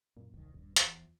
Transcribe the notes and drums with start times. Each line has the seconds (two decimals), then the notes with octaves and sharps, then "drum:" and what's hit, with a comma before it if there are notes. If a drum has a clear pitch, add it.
0.17 F#2 A#2
0.34 D#1 C2 D#3
0.54 D#1 G2
0.76 E2 F3, drum: hi-hat